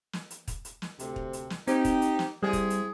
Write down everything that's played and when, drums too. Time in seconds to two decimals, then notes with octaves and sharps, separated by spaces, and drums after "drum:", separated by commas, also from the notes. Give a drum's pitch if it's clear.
0.13 drum: snare
0.30 drum: hi-hat
0.48 drum: kick, hi-hat
0.65 drum: hi-hat
0.82 drum: snare
0.99 D2 C3, drum: hi-hat
1.16 drum: kick
1.33 drum: hi-hat
1.50 drum: snare
1.67 C4 D#4 G4, drum: hi-hat
1.85 drum: kick, hi-hat
2.02 drum: hi-hat
2.19 drum: snare
2.43 G3 C4 E4 G#4
2.53 drum: kick, hi-hat
2.70 drum: hi-hat